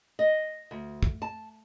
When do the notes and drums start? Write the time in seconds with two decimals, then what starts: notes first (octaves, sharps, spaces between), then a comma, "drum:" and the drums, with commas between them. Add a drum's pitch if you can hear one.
0.19 D#5
0.71 D2
1.03 drum: kick
1.22 A5